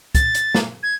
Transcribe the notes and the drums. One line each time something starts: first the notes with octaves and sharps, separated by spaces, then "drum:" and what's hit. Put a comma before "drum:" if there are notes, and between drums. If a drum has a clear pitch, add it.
A6, drum: kick, hi-hat
drum: hi-hat
drum: snare
G#6